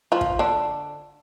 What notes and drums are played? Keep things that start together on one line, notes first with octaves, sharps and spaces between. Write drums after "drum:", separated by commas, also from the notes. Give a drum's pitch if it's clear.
F3 F4
drum: kick
D3 D4